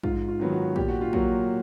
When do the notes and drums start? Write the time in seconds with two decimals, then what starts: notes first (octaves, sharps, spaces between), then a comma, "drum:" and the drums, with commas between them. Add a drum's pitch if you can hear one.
0.03 G#2 F4, drum: kick
0.28 F4
0.40 D#3 F#3 B3
0.52 F#4
0.76 A#2 G4, drum: kick
0.89 F#4
1.01 F4
1.13 F#3 A#3 F#4, drum: kick